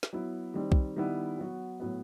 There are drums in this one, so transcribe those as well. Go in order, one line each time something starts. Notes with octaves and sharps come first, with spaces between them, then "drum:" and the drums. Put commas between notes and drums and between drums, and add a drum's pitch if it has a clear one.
drum: snare
F#3 B3 E4
D#3 G3 C4
drum: kick B1
D#3 G3 B3 E4
F#3 B3 F#4
A2 F#3 B3